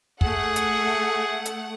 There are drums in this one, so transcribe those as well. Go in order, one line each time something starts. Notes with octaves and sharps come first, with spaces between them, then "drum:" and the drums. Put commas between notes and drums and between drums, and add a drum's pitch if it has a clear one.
A3 G#4 F#5, drum: kick
drum: hi-hat
drum: hi-hat